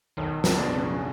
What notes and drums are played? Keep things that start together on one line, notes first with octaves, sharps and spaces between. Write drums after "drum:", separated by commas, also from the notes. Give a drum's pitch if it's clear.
B1 D#3
D3, drum: snare
B2 G#3 B3 D4
C#3